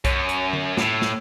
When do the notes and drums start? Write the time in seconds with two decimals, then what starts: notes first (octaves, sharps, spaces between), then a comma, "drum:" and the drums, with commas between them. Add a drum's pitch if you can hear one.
0.05 F#2, drum: kick B1, hi-hat
0.29 drum: hi-hat
0.53 drum: tom D3
0.77 A2, drum: snare
1.02 drum: snare